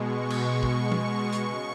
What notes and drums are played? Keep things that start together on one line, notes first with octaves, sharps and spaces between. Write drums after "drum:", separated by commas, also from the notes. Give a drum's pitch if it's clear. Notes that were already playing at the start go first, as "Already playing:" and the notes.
Already playing: B2 G#3 C#6
drum: cymbal
drum: kick
C#6, drum: tom
drum: hi-hat
C#3 C#6